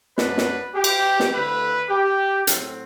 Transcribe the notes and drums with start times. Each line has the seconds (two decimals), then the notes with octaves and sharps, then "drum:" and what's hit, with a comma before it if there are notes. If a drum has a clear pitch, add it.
0.18 F#2 F#3 B3 D4 B4, drum: snare
0.38 drum: snare
0.75 G4
0.84 drum: cymbal
1.20 drum: snare
1.32 D3 A3 E4 B4
1.90 G4
2.47 A2 F#3 C4, drum: hi-hat